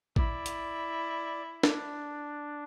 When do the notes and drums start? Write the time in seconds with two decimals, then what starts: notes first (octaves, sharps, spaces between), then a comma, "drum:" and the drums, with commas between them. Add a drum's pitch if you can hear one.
0.16 E4 D5, drum: kick A1
0.46 drum: hi-hat
1.63 D4, drum: snare